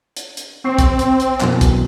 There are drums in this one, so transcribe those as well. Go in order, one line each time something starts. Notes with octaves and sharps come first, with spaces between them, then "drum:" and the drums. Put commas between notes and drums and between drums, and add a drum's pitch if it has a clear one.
drum: hi-hat
drum: hi-hat
C4 C#6 C7
drum: kick, hi-hat
drum: hi-hat
drum: hi-hat
F#2 B2 E3, drum: clap
drum: kick, hi-hat